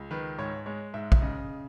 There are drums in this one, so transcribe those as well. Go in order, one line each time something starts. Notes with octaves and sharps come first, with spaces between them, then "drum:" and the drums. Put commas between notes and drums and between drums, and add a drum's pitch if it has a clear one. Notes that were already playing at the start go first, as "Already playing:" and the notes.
Already playing: C#2
D#3 B4
G#2 C#5
G#3 C#5
G#2 E5
E5, drum: kick
C#3 D#5